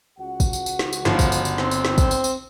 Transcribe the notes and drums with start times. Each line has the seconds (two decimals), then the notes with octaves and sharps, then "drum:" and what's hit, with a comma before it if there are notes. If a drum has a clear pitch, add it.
0.19 C#2 F#4 F#5
0.40 drum: kick, tambourine
0.53 drum: tambourine
0.66 drum: tambourine
0.79 drum: snare
0.93 drum: tambourine
1.05 G1 F3, drum: snare
1.19 drum: kick, tambourine
1.32 drum: tambourine
1.45 drum: tambourine
1.58 C4, drum: snare
1.71 drum: tambourine
1.85 drum: snare
1.98 drum: kick, tambourine
2.11 drum: tambourine
2.24 drum: tambourine